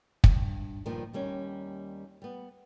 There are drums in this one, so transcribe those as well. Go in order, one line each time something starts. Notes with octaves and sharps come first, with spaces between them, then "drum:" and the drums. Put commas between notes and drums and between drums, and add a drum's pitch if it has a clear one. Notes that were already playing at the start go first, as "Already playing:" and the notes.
G2, drum: kick
G2 A#2 D#3 F3
D#2 G3 A#3 C#4
G3 B3